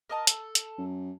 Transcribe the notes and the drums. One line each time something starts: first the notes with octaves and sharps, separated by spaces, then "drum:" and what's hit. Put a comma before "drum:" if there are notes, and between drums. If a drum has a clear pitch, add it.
A#4 D#5 A5
A4, drum: hi-hat
drum: hi-hat
F#2